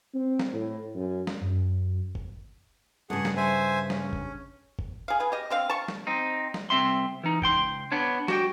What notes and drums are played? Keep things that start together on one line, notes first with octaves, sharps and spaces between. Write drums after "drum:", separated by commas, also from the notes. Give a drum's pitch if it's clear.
C4
drum: snare
A2
F#2
drum: snare
F#2
drum: kick G1
G2 C#3 G#4 F#5
drum: snare
C5 E5 G#5
C#4, drum: snare
drum: kick G1
drum: kick G1
G#4 F5
G#4 B4
G4 D#5
D3 C4 F5
A5 C#6
drum: snare
C4 D#4
drum: snare
C2 C3 C4 E5 C6
E3 D#4
C#2 G5 C6, drum: kick G1
B3 D4 C#5
F#4 G4 G5, drum: snare